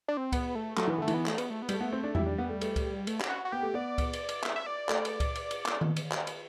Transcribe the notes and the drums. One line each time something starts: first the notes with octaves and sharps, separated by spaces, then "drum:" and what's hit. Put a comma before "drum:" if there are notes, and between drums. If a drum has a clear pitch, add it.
D4
C4
B3, drum: kick C#2, cymbal
A3
F#3 A3, drum: clap
E3 B3
D3 A3
E3, drum: cymbal
B3
A3, drum: clap
B3, drum: cymbal
A3
B3
G3, drum: cymbal
A3
B3
C4
D4
G3 E4, drum: tom E2
D4
B3
A3
A3, drum: cymbal
drum: kick C#2, cymbal
A3, drum: cymbal
G4, drum: clap
F#4
F#4
B3 G4
A3
B3 D5
drum: kick C#2, cymbal
drum: cymbal
drum: cymbal
E5, drum: clap
E5
D5
A3, drum: clap
drum: cymbal
drum: kick C#2, cymbal
drum: cymbal
drum: cymbal
drum: clap
drum: tom D#3
drum: cymbal
drum: clap
drum: cymbal